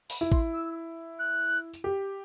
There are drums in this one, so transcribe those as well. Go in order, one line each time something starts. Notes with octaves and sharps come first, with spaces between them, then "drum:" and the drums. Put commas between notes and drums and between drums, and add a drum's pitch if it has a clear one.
B5, drum: open hi-hat
E4
C6, drum: kick
E6
F#6
drum: tambourine
G4